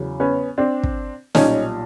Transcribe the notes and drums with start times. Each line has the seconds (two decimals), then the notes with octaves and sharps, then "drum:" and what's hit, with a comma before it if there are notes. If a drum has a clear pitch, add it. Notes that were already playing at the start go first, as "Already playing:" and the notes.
Already playing: E2 C#3 F#3
0.20 B3 C#4
0.58 C4 D4
0.83 drum: kick
1.35 B1 A#2 G3 C#4 D#4, drum: snare